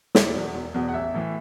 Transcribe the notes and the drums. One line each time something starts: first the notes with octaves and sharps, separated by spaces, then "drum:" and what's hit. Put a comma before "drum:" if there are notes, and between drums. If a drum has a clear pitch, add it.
E1 D5, drum: snare
E2 B2
E1
E2 B2
F#5
A1 E5
A2 E3